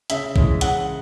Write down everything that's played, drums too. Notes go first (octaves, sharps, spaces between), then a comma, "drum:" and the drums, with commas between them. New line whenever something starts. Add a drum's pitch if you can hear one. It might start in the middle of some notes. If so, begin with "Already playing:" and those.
C#3 E5, drum: hi-hat
E3 G#3 C#4, drum: kick A#1
C#3 F#5, drum: hi-hat